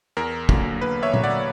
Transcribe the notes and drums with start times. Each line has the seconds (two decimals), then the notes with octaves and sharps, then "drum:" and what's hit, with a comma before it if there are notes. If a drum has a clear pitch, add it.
0.17 E2 A#4
0.49 D3 F#3 A#3, drum: kick
0.81 E2 B4
1.03 C#5 E5
1.14 D3 F#3 A#3, drum: tom A#2
1.24 D5 F#5